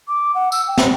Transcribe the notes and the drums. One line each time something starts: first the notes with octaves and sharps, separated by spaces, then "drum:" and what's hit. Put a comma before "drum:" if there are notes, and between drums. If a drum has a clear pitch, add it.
D6
F#5
E6, drum: tambourine
G5
drum: snare